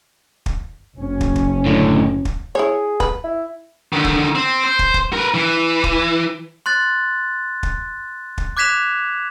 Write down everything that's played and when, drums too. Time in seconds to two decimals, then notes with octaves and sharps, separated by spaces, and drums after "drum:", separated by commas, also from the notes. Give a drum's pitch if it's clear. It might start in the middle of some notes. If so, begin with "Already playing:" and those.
0.46 drum: kick
0.97 F#1 C#4
1.21 drum: kick
1.36 drum: kick
1.66 A2 D3
2.25 drum: kick
2.55 E4 G#4 C#5
3.00 B4, drum: kick
3.24 E4
3.93 D3 D#3
4.04 drum: kick
4.35 C4
4.64 C5
4.79 drum: kick
4.94 drum: kick
5.13 A#4 B4
5.34 E3
5.84 drum: kick
6.66 C6 F#6 A6
7.63 drum: kick
8.38 drum: kick
8.57 D6 F#6 G#6 B6 E7 F7